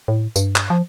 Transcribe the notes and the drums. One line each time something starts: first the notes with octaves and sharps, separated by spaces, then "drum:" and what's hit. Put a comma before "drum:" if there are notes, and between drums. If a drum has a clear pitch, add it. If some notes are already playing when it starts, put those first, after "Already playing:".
A2
G2, drum: tambourine
drum: clap
F3